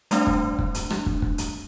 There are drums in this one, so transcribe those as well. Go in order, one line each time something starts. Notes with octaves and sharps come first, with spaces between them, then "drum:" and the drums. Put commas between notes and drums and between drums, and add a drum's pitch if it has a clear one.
G3 A3 C4 D4, drum: hi-hat
drum: kick
drum: kick
drum: hi-hat
drum: rim click
drum: kick
drum: kick
drum: hi-hat